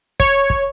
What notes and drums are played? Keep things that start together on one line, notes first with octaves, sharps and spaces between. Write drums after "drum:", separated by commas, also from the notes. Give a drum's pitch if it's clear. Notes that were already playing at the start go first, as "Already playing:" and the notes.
C#5, drum: kick
drum: kick